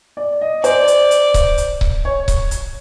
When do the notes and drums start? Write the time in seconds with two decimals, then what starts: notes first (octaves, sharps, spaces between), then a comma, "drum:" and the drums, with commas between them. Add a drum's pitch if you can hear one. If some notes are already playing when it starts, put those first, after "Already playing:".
0.17 D5
0.41 D#5
0.64 C5 D5, drum: hi-hat
0.88 drum: hi-hat
1.11 drum: hi-hat
1.34 drum: kick C#1, hi-hat
1.58 drum: hi-hat
1.81 drum: kick C#1
2.05 C#5
2.28 drum: kick C#1, hi-hat
2.51 drum: hi-hat